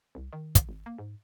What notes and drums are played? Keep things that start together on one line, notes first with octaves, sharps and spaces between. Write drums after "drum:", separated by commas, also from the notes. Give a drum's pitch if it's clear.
C2
D#3
drum: kick, hi-hat
G#1
A#3
G#2